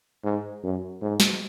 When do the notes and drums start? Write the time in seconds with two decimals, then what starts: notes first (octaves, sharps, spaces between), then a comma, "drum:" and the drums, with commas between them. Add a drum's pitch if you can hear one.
0.24 G#2
0.64 F#2
1.02 G#2
1.20 drum: snare